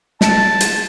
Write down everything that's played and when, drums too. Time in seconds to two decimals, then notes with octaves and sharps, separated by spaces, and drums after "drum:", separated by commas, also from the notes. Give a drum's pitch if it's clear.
0.21 A5, drum: snare
0.61 drum: hi-hat